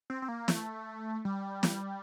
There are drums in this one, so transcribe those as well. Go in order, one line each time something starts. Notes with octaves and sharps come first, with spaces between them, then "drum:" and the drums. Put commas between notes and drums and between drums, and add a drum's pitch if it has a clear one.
C4
C4
A#3
A3, drum: snare
G3
drum: snare